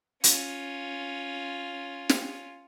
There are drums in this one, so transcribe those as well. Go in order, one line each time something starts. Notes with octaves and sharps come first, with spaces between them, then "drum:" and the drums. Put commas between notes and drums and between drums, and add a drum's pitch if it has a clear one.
C#4 F4, drum: hi-hat
drum: snare